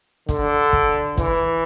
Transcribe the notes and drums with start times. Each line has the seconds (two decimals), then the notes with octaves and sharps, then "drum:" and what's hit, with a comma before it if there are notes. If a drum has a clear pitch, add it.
0.29 D3, drum: kick, hi-hat
0.73 drum: kick
1.18 E3, drum: kick, hi-hat